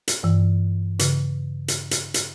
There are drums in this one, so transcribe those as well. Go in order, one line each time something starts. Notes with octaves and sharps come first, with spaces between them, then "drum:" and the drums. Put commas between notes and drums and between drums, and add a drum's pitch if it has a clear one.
drum: hi-hat
G2 E3
C#3, drum: hi-hat
drum: hi-hat
drum: hi-hat
drum: hi-hat